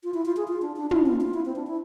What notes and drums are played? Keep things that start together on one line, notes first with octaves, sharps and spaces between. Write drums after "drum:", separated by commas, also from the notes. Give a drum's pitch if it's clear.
F4
E4
F4
G#4
F4
D4
D4
E4, drum: tom
F4
F4
E4
C4
D4
E4